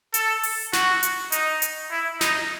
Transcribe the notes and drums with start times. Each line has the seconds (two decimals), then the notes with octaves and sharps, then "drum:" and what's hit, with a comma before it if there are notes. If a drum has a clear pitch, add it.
0.14 A4, drum: hi-hat
0.43 drum: open hi-hat
0.73 F#4, drum: snare
1.03 drum: hi-hat
1.32 D#4, drum: hi-hat
1.62 drum: hi-hat
1.91 E4
2.21 D#4, drum: snare